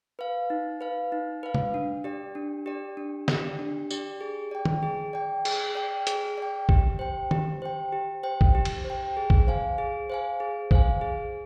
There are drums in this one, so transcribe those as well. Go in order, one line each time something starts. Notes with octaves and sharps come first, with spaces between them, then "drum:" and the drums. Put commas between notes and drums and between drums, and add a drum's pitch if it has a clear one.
B4 F5
D#4
B4 F5
D#4
B4 F5
drum: tom C3
D4
G4 D5
D4
G4 D5
D4
G4 D5, drum: snare
D4
G4 D5, drum: tambourine
G#4
D5 G5
drum: tom D#3
G#4
D5 G5
G#4, drum: cymbal
D5 G5
G#4, drum: hi-hat
D5 G5
G4, drum: kick
C5 G5
G4, drum: tom D#3
C5 G5
G4
C5 G5
drum: kick
G4
drum: cymbal
C5
G5
G#4
drum: kick
C5 F5 G#5
G#4
C5 F5 G#5
G#4
C5 F5 G#5, drum: kick
G#4